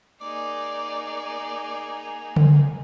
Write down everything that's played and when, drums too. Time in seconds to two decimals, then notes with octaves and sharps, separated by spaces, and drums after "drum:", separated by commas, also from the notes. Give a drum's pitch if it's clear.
0.21 A#3 D#4 G#4 D5
2.36 drum: tom C#3